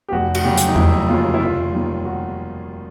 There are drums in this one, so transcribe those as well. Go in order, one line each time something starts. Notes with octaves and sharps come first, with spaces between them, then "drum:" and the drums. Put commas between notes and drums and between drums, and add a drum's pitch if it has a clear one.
G4
F1 F#4
F#4, drum: cymbal
D#2 C#3 F#3 G4
drum: hi-hat
D#4
F1 E4, drum: tom E2
D#2 C#3 F#3 F4
E4
F1 F4
D#2 D#3 G3
F#4